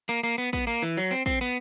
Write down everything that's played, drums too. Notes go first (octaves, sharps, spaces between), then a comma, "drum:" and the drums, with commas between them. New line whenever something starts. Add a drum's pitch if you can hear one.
A#3
A#3
B3
B3, drum: kick
A#3
E3
F#3
C4
C4, drum: kick
B3